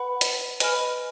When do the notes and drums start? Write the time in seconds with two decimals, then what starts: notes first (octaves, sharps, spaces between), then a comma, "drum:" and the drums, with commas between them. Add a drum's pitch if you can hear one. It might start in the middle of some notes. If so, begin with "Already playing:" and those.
Already playing: B4 F#5 B5
0.21 drum: hi-hat
0.60 B4 D#5 G#5 B5 F6, drum: hi-hat